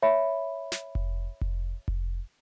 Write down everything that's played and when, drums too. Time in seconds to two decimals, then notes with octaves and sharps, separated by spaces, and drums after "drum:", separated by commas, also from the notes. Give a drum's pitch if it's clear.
0.02 C#5 E5 B5
0.72 drum: snare
0.95 drum: kick F1
1.41 drum: kick F1
1.88 drum: kick F1